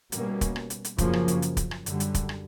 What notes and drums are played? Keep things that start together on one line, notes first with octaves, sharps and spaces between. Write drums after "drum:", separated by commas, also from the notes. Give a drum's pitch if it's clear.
B2 G3 A#3 C#4, drum: hi-hat
drum: kick, hi-hat
drum: rim click
drum: hi-hat
drum: hi-hat
F#2 C#3 F3 A#3 C#4, drum: kick, hi-hat
drum: rim click
drum: hi-hat
drum: hi-hat
drum: kick, hi-hat
drum: rim click
F#2 D3 G3, drum: hi-hat
drum: hi-hat
drum: kick, hi-hat
drum: rim click